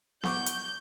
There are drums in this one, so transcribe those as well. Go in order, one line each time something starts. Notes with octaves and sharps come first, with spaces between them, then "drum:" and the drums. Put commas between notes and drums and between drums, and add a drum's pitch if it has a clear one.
F#5 C#6 D6 G6, drum: snare B3
drum: hi-hat